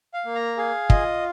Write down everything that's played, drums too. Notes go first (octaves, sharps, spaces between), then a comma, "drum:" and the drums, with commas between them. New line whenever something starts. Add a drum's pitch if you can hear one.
F5
A#3
A#5
G#4 F5
F4 D#5, drum: kick